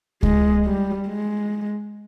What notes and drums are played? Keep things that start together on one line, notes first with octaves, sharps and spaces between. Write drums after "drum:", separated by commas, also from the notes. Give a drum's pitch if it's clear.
G#3, drum: kick C#2
G3
G#3